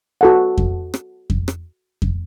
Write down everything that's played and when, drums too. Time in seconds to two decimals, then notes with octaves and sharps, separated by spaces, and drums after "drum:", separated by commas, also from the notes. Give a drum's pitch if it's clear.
0.21 F#4 A4 F#5
0.58 drum: kick F2
0.94 drum: rim click
1.30 drum: kick F2
1.48 drum: rim click
2.02 drum: kick F2